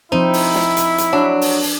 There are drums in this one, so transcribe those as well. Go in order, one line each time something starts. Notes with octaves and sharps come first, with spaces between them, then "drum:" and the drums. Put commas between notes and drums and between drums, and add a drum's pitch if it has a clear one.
F3 C4 D#4 E4 C5
drum: open hi-hat
drum: snare
drum: hi-hat
drum: hi-hat
F#3 D4
drum: open hi-hat
drum: open hi-hat